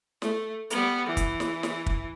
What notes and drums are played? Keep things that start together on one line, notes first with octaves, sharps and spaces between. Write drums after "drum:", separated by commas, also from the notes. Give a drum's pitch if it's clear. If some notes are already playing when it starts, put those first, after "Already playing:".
A3, drum: snare
G3 B3, drum: hi-hat
E3
drum: kick, hi-hat
drum: snare
drum: snare
drum: kick